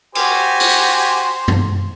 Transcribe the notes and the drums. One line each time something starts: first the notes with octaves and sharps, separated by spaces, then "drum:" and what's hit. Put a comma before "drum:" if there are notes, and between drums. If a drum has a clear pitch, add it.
F#4 G4 C5 G#5, drum: cymbal
drum: open hi-hat
drum: tom F#2